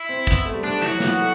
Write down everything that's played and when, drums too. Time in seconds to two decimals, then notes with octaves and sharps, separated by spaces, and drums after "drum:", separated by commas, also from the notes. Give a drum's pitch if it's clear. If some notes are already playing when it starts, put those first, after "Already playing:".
Already playing: E4
0.09 C4
0.27 B3, drum: kick
0.45 A3
0.54 G3
0.64 A3 D4
0.72 G3
0.82 E3 F#4
0.90 F#3
1.00 E3, drum: snare
1.08 B3
1.18 A3